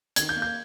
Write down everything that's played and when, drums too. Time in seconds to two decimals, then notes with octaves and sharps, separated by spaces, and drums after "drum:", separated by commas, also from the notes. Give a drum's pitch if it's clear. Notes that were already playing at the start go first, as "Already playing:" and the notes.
0.16 D#3 G#6, drum: hi-hat
0.29 G6
0.36 A#3
0.42 G6